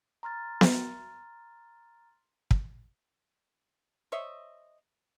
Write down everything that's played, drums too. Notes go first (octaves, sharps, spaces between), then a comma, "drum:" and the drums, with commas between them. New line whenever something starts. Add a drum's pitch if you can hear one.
A#5 C6 F6 A6
drum: snare B3
drum: kick
C5 C#5 D#5 E5